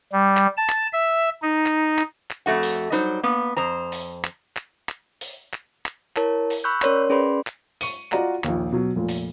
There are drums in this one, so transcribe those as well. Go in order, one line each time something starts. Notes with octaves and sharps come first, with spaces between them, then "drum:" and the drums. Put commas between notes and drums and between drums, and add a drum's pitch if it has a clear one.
G3
drum: clap
A5
drum: clap
E5
D#4
drum: clap
drum: clap
drum: clap
F2 F3 A3 F#4 F#5
drum: open hi-hat
F#3 G3 D#4 C5
A#3 B3
F2 C5 A#5
drum: open hi-hat
drum: clap
drum: clap
drum: clap
drum: open hi-hat
drum: clap
drum: clap
E4 A#4 C#5 A5, drum: clap
drum: open hi-hat
B5 C#6 E6 F#6 G6
C#4 A#4 C#5 D5 C6, drum: clap
C#4 G#4 B4 D5 B5 C6
drum: clap
C#6 C#7 D#7, drum: open hi-hat
F4 F#4 D5 D#5 F#5 A#5, drum: clap
A#1 D#2, drum: clap
B2 F#3
F1 A#2
drum: open hi-hat